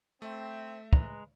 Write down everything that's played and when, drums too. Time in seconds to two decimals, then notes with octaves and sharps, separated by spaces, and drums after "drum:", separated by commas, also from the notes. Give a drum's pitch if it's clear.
0.22 A3 C4 E5
0.93 G#3 B4 A#5, drum: kick